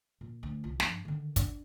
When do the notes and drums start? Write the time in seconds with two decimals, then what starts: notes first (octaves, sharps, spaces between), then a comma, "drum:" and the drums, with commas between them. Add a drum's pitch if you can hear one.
0.21 A#2
0.43 D2
0.64 C2 F4
0.80 G2 F3, drum: snare
1.05 D3 D#3
1.36 D4, drum: kick, hi-hat